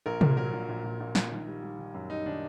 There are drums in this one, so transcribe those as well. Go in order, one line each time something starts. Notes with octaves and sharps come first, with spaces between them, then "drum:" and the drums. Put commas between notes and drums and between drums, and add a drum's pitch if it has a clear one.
A#1 A#4
A#2, drum: tom C3
F#3 A#4
A#1
A#1
A#2
A#1
A#1, drum: snare
D#3
G3
G3
D#3
F#2
G3 D#4
D#3 D4